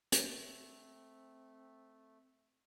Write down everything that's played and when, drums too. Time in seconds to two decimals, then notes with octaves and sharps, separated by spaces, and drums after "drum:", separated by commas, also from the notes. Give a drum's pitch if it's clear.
0.12 drum: hi-hat
0.24 A3 C4